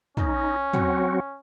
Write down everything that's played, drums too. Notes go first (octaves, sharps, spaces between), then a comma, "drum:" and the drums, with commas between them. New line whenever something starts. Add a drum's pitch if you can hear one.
C#4 D#4, drum: tom
F#3 C4 F#4, drum: tom